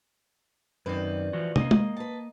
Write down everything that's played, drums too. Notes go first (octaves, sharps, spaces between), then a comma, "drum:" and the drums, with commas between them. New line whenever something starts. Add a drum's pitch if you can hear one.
F#2 D#3 C4 B4 D5
E3 F3 F#4
A#3 D#5, drum: tom
drum: tom
B4 A5